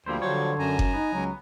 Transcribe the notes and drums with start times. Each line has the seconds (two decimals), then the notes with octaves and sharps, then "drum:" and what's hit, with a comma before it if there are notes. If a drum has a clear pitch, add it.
0.06 D2 F3 G3 A#3 E4 C5
0.22 D3 F#3 C5 C#5
0.59 F#2 G#5 A#5
0.79 drum: kick F#1
0.93 B3 D#4
1.13 C#2 F#3